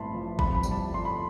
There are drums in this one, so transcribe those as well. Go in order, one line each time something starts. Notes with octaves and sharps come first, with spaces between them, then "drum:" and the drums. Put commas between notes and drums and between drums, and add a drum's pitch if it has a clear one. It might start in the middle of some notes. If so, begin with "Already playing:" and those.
Already playing: A1 G2 C4 A5 B5 C6
F3
F2 B5, drum: kick
B5
G3, drum: tambourine
A5
G1 C6
B5